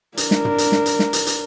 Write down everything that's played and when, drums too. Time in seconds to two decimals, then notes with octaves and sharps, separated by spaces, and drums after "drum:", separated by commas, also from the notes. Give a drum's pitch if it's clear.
0.17 D4 A#4, drum: hi-hat
0.31 drum: snare
0.45 drum: tom
0.58 drum: hi-hat
0.72 drum: snare
0.86 drum: hi-hat
0.99 drum: snare
1.13 drum: hi-hat
1.27 drum: hi-hat